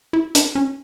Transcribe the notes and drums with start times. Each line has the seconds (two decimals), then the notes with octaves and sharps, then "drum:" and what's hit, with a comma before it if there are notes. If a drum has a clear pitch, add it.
0.13 E4
0.35 D4, drum: hi-hat
0.55 C#4